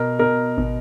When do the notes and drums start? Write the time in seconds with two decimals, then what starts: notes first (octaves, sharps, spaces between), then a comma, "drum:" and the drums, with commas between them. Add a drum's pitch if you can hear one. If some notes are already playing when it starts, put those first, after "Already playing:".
Already playing: B2 A#4
0.19 B2 A#4
0.58 B2, drum: kick G#1